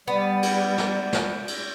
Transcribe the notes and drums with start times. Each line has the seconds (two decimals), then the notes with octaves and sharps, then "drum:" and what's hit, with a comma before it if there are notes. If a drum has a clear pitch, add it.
0.08 G3 B3 D5
0.43 drum: cymbal
0.78 drum: snare
1.13 drum: snare
1.48 drum: cymbal